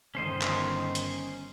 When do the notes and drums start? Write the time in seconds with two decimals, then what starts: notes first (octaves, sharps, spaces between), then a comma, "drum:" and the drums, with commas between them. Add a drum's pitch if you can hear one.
0.15 G1 D#3 C#4 C5 D#5
0.42 drum: clap
0.95 drum: hi-hat